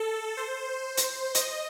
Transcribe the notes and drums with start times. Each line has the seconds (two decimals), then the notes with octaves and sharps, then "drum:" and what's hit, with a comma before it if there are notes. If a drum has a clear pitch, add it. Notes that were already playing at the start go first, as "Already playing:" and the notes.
Already playing: A4
0.37 C5
0.97 drum: hi-hat
1.35 D#5, drum: hi-hat